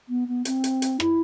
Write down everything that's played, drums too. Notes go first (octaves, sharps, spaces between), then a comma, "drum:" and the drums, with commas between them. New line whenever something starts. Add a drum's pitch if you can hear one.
B3
B3
C4, drum: hi-hat
drum: hi-hat
drum: hi-hat
E4, drum: rim click